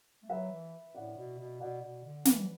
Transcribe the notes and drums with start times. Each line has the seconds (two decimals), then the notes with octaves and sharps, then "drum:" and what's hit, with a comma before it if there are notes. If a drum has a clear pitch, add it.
0.23 A3
0.30 F#3 B4 E5
0.51 E3
0.95 A2 D5 F#5
1.17 B2
1.39 B2
1.60 B2 D5 F#5
1.82 B2
2.04 D3
2.25 E3 B4, drum: snare